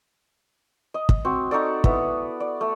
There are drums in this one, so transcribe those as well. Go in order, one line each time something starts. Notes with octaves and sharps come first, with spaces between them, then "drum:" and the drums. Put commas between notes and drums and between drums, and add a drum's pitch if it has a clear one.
D#5
drum: kick
C4 F#4
D#4 F#4 A4 D5
B3 E4, drum: kick
D5
A3